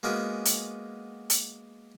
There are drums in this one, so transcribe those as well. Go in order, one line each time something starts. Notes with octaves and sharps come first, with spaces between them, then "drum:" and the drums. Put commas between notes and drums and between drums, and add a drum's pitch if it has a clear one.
G#3 A#3 B3 C#4 F#4 A#4
drum: hi-hat
drum: hi-hat